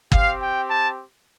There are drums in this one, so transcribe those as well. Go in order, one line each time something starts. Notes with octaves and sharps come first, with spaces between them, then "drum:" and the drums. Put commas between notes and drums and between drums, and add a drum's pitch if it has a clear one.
C4 G4 F5, drum: kick
G5
A5